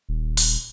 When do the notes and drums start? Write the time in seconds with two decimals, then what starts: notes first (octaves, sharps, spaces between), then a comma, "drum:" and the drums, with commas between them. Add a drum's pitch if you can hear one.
0.09 D#1
0.37 drum: open hi-hat